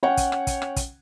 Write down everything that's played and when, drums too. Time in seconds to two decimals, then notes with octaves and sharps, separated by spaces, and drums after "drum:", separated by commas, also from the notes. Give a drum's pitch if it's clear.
0.03 C#4 C#5 F#5 G5
0.17 drum: kick, hi-hat
0.32 drum: rim click
0.47 drum: kick, hi-hat
0.62 drum: rim click
0.76 drum: kick, hi-hat